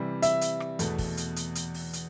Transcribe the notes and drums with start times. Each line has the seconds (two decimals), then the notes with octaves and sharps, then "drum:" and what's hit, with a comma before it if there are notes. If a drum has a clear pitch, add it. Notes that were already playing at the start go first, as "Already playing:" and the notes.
Already playing: C3 E3 G3
0.22 E5, drum: hi-hat
0.41 drum: hi-hat
0.60 drum: rim click
0.79 E2 B2 A3, drum: hi-hat
0.98 drum: kick, open hi-hat
1.17 drum: hi-hat
1.36 drum: hi-hat
1.55 drum: hi-hat
1.74 drum: open hi-hat
1.93 drum: hi-hat